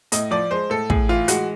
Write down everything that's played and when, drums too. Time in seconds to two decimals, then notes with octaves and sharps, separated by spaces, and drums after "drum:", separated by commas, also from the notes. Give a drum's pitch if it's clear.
0.12 A2 D#5, drum: hi-hat
0.31 F3 D5
0.51 G#3 C5
0.70 A2 A4
0.90 A2 G#4, drum: kick
1.09 E3 F4
1.28 G#3 F#4, drum: hi-hat